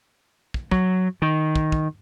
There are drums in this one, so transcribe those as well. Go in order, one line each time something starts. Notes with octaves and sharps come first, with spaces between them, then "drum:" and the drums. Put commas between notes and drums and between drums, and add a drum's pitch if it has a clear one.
drum: kick
F#3, drum: kick
D#3
drum: kick
drum: kick